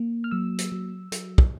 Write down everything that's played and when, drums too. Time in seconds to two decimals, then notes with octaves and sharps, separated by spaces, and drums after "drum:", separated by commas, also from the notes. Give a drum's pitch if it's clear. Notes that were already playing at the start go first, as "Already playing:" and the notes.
Already playing: A#3
0.24 F6
0.31 F#3 E6
0.58 drum: hi-hat
0.72 F#3
1.12 F#3, drum: hi-hat
1.38 drum: kick